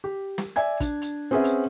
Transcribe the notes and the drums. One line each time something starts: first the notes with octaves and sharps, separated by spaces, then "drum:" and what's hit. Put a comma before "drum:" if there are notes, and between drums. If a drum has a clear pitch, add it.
G4
drum: snare
D5 E5 G#5 G#6
D4, drum: kick, hi-hat
drum: hi-hat
C4 C#4 G#4 B4 E5 F#5
drum: hi-hat